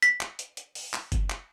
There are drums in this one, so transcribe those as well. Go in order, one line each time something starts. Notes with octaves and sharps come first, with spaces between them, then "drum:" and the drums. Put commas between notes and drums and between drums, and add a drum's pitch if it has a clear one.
B6, drum: hi-hat
drum: clap
drum: hi-hat
drum: hi-hat
drum: open hi-hat
drum: clap
drum: kick F#1, hi-hat
drum: clap